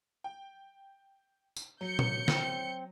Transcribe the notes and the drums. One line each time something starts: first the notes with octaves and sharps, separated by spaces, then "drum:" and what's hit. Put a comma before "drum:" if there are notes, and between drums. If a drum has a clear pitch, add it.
G5
drum: tambourine
F#3 G6 C#7
drum: tom A#2
C4, drum: snare